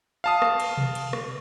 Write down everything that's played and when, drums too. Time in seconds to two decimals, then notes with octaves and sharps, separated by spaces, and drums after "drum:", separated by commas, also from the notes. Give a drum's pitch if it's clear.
0.24 F5 A5 D#6
0.42 drum: rim click
0.60 drum: cymbal
0.77 drum: tom B2
0.95 drum: cymbal
1.13 drum: rim click